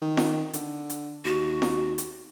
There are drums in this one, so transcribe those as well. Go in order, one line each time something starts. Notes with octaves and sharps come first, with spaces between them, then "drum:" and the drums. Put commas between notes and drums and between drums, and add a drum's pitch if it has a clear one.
D#3
drum: snare F4
D3, drum: hi-hat
drum: hi-hat
D#2 F#4
drum: snare F4
drum: hi-hat